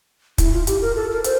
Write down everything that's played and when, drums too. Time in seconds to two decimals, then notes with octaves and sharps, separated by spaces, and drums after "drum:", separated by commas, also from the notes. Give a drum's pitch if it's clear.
0.38 E4, drum: kick, hi-hat
0.53 F4
0.67 G4, drum: hi-hat
0.82 A#4
0.96 A4
1.10 A#4
1.24 C5, drum: hi-hat